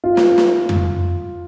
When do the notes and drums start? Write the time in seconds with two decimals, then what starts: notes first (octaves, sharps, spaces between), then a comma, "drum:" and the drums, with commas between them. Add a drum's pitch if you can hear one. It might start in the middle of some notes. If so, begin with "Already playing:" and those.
0.04 F4
0.17 drum: snare
0.38 drum: snare
0.69 drum: tom F2